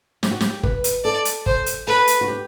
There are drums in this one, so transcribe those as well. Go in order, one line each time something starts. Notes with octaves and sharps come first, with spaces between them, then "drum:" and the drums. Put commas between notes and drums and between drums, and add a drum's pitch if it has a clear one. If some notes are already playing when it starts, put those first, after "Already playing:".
G4, drum: snare
F#4
G4, drum: snare
B4, drum: kick
drum: hi-hat
A4 D5
drum: hi-hat
C5, drum: kick
drum: hi-hat
A4 B4
drum: hi-hat
F#4
G4